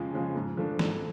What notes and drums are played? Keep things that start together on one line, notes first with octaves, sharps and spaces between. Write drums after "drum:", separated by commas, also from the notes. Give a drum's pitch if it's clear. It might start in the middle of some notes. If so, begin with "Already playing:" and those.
Already playing: F2 C#3 F3 G#3
C#3 F3 G#3
G#2
F3 A3 D4
G#2, drum: snare